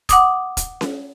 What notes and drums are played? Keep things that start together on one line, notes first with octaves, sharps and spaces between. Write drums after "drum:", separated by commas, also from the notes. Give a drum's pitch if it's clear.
F#5 D6 D#6, drum: kick, hi-hat
drum: kick, hi-hat
drum: snare C#4